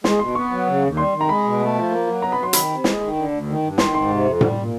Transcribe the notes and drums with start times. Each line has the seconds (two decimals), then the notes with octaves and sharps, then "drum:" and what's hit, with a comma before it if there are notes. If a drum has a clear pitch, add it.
0.04 G#3 C6, drum: snare
0.19 B2 C6
0.35 B3 C#6
0.51 F#3
0.67 C#3
0.82 D#2
0.97 G3 C6
1.13 D#3
1.21 A#5
1.28 G#3 B5
1.44 B2
1.59 A3
1.75 F3
1.90 A#3
2.07 F#3
2.22 B3 A#5
2.32 B5
2.38 F#3 C6
2.53 D#3 B5, drum: hi-hat
2.69 C3
2.84 G#3, drum: snare
3.01 D#3
3.16 D3
3.31 D2
3.47 D#3
3.63 G2
3.78 D#3 C6, drum: snare
3.93 G#2 C6
4.09 C3
4.25 F2
4.41 G3, drum: tom A2
4.57 A#2